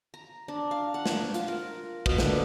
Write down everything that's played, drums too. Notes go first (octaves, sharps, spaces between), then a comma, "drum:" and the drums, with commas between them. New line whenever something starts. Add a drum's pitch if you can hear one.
A#5
D4
F5
F#5
drum: snare
F4, drum: hi-hat
A#4
B2, drum: kick
D3, drum: snare